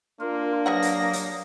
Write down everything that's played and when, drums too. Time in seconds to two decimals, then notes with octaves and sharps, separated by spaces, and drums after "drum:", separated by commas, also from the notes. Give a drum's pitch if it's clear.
0.21 A#3 D4 F4 A#4
0.66 F#3 G4 B4 F#5 D#6 A#6
0.82 drum: hi-hat
1.13 drum: hi-hat